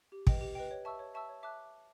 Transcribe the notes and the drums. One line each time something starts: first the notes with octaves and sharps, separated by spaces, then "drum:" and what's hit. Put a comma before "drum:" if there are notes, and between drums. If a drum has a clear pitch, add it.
G4
B4 D#5 G5, drum: kick
G4
B4 D#5 G5
C#5
E5 A5 C#6 E6
C#5
E5 A5 C#6 E6
C#5
E5 A5 D6 F#6